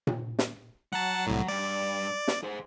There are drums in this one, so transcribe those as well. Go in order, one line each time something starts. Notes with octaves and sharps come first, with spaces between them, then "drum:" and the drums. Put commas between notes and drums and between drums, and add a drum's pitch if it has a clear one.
drum: tom A#2
drum: snare
F#3 F#5 A5 A#5
C2 A2
G2 D5
drum: snare
G#4 C5